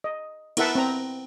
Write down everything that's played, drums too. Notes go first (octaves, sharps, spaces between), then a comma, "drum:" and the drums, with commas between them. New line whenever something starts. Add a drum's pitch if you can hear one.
D#5
B3 E4 A#4 E5 F#5 A5, drum: cymbal
C4 A#5